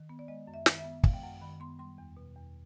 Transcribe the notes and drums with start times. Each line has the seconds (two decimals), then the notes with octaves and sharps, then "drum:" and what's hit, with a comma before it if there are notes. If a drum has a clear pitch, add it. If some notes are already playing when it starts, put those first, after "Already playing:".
Already playing: D#3
0.09 B3
0.19 D5
0.28 G#3 D#5
0.47 F#2
0.54 E5
0.66 D#3, drum: snare
0.79 E5
0.84 B3
1.03 G#3 F5, drum: kick
1.14 G5
1.23 F#2 F#5
1.41 D#3 B5
1.60 B3 C6
1.79 G3 C6
1.98 E2
2.17 B2
2.36 E2